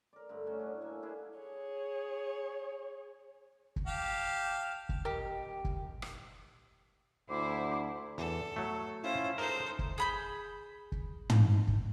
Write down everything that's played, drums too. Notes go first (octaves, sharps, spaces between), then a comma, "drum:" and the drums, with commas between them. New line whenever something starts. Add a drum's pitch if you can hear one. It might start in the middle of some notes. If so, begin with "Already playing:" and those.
A#4 D5
G2 D3 A3
C#4 F#4 A#4 D#5
A2 F#3 D4
A#3 E5 G#5
A#3 D4 E4 G#4
G#4 C#5
drum: kick
G4 F5 A5
drum: kick
D#1 G4 A#4 D#5 G5
drum: kick
drum: rim click
D2 E4 C5 D6
E2 A4
F#3 A3
C#4 E4 F4 C5
G#3 D#4 A4 A#4 C5 C6
drum: kick
G#4 B5 G6
drum: kick
drum: tom
drum: kick